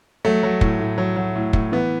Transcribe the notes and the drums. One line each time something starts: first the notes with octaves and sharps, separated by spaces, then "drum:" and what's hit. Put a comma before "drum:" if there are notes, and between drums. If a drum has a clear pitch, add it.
F#3 A3
F#3
A2, drum: kick
A2
F#3
F#3
A2
A2, drum: kick
E3 B3